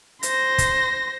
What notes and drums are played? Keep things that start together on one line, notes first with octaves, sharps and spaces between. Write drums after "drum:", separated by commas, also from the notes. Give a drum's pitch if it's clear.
C5 A#6, drum: hi-hat
drum: kick, hi-hat